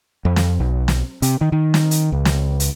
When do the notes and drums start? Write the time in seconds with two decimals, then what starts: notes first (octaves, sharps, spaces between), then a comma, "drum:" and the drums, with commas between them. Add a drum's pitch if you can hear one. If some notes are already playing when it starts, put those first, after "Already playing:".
0.25 F2
0.36 drum: snare
0.60 B1
0.88 drum: snare
1.22 C3, drum: hi-hat
1.41 D#3
1.52 D#3
1.74 drum: snare
1.91 drum: hi-hat
2.12 C#2
2.25 drum: snare
2.60 drum: hi-hat